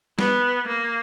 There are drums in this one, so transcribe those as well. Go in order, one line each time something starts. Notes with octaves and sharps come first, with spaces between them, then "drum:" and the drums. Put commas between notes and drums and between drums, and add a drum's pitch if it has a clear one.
B3, drum: snare G3
A#3